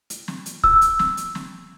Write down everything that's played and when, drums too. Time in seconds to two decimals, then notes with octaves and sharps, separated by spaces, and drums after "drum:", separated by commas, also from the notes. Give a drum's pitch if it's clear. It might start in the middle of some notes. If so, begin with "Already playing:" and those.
0.10 drum: hi-hat
0.28 drum: snare
0.46 drum: hi-hat
0.64 E6, drum: kick
0.81 drum: hi-hat
0.99 drum: snare
1.17 drum: hi-hat
1.35 drum: snare